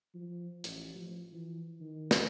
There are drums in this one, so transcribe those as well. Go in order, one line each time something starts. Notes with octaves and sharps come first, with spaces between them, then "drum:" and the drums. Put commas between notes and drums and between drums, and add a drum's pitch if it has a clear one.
F3
A1, drum: hi-hat
F3
E3
D#3
drum: snare